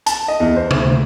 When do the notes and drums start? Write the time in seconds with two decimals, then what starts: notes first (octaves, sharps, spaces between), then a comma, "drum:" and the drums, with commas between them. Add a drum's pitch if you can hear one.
0.06 A5, drum: hi-hat
0.28 D#5
0.40 E2
0.56 C5
0.71 D2, drum: tom C3